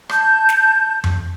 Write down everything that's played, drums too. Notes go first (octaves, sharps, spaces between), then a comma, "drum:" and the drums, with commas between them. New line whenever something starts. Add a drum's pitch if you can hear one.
A5 G6, drum: rim click
drum: snare
drum: tom F2